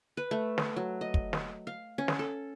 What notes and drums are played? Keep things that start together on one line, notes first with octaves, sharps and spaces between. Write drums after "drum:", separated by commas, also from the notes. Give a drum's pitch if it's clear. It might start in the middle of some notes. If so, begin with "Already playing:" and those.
B4
A3
drum: snare
F#3
D#5
drum: kick
drum: snare
F5
C#4
drum: snare
A4